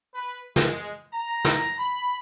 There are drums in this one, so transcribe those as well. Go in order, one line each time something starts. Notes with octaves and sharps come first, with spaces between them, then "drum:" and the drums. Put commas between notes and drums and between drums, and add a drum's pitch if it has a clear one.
B4
G#3, drum: snare
A#5
drum: snare
B5